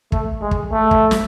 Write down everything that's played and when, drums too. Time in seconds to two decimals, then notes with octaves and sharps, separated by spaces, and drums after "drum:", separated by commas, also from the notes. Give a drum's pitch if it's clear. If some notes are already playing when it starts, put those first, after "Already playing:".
0.12 A3, drum: kick
0.42 G#3
0.51 drum: kick
0.71 A3
0.91 drum: kick
1.11 drum: snare